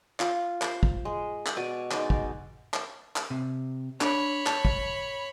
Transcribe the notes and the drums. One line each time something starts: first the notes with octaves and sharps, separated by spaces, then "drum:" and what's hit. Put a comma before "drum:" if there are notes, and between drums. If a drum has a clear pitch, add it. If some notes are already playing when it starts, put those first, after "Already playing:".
F4, drum: clap
C5, drum: clap
drum: kick
G#3
drum: clap
B2 D5 G#5
G#3 D#4 D5, drum: clap
drum: kick
drum: clap
drum: clap
C3
D4 C#5 B5, drum: clap
A5, drum: clap
drum: kick